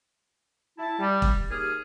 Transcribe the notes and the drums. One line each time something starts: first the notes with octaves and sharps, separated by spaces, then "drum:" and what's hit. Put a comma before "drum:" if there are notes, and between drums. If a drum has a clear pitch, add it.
E4 A5
G3
drum: kick
D#2 G4 G#4 F6